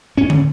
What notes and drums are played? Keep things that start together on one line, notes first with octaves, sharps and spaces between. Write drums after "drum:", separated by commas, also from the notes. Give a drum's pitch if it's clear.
A2 C#4
drum: tom